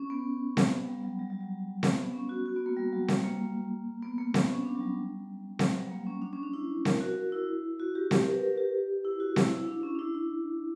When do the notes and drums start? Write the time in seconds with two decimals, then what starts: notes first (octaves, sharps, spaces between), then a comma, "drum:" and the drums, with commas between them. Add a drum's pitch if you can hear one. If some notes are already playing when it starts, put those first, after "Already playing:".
Already playing: C#4
0.10 B3
0.57 drum: snare C4
0.88 G3
1.04 F#3
1.19 G3
1.30 F#3
1.41 G3
1.83 B3, drum: snare C4
2.03 B3
2.14 C#4
2.29 F#4
2.46 F#4
2.56 B3
2.66 A#3
2.77 G3
2.92 F#3
3.08 G3, drum: snare C4
3.24 A#3
4.02 B3
4.18 A#3
4.34 B3, drum: snare C4
4.49 C#4
4.65 D4
4.75 F#3
4.81 G3
5.59 F#3, drum: snare C4
5.76 G3
5.91 A#3
6.07 C#4
6.22 D4
6.33 C#4
6.43 D4
6.53 E4
6.85 A#4, drum: snare C4
7.00 F#4
7.32 E4
7.79 F#4
7.95 G4
8.11 G4, drum: snare C4
8.21 A#4
8.31 B4
8.43 A#4
8.58 G4
9.05 E4
9.20 F#4
9.36 E4, drum: snare C4
9.53 E4
9.68 D4
9.83 C#4
9.95 D4
9.99 E4
10.15 E4